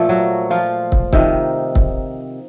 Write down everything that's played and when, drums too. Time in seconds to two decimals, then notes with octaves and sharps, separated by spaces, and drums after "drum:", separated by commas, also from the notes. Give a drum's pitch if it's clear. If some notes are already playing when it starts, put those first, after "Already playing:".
Already playing: A#2 F3 A3 A4
0.09 F#3 F#4
0.50 F3 F4
0.92 drum: kick
1.13 C3 D#3 F3 D#4, drum: kick
1.75 drum: kick